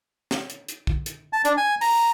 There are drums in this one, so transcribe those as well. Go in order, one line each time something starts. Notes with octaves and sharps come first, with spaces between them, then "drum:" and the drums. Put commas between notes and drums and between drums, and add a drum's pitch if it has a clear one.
drum: snare
drum: hi-hat
drum: hi-hat
drum: kick
drum: hi-hat
A5
D4, drum: hi-hat
G#5
A#5, drum: open hi-hat